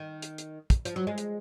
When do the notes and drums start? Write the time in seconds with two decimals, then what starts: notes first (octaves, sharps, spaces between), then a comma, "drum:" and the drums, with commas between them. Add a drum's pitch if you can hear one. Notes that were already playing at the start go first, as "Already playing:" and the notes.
Already playing: D#3
0.22 drum: hi-hat
0.38 drum: hi-hat
0.70 drum: kick, hi-hat
0.85 F3, drum: hi-hat
0.96 F#3
1.07 G#3
1.18 drum: hi-hat